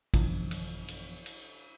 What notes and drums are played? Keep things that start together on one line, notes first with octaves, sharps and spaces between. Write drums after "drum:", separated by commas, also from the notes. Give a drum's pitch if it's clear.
A1 F#2 B2 D3 E3 F3, drum: kick, cymbal
drum: cymbal
drum: cymbal
drum: cymbal